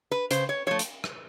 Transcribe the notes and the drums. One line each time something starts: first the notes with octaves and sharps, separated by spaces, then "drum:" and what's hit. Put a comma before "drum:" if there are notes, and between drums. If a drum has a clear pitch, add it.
B4
C#3 C5, drum: hi-hat
C#5
F3 A3 C#5
drum: hi-hat
drum: rim click